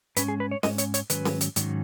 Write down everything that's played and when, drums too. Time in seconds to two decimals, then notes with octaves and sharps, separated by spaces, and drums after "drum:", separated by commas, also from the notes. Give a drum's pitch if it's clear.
0.17 G#2 G#3 C#4 B4, drum: hi-hat
0.28 G#4
0.40 B4
0.51 C#5
0.63 G#2 G#3 C#4 D#5, drum: snare C#4
0.78 C#5, drum: hi-hat
0.94 C#5, drum: hi-hat
1.10 G#2 D#3 F#3 C#4 B4, drum: hi-hat
1.25 drum: snare C#4
1.41 drum: hi-hat
1.56 G#2 D#3 F#3 C#4, drum: hi-hat